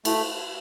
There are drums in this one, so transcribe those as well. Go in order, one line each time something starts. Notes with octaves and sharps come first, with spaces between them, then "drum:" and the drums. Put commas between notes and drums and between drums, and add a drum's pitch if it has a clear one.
A3 E4, drum: cymbal